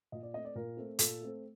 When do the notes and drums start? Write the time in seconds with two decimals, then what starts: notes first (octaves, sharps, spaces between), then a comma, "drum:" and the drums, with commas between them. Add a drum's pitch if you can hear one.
0.12 A#2 D#5
0.23 D5
0.33 A3 C4 D#5
0.45 D5
0.55 A#2 A#4
0.77 A3 C4
0.99 A#2 A4, drum: hi-hat
1.21 A3 C4